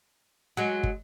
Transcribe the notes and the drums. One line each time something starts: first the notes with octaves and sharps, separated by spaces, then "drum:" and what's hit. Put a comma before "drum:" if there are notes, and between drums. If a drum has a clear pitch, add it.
F#3 G#3
drum: kick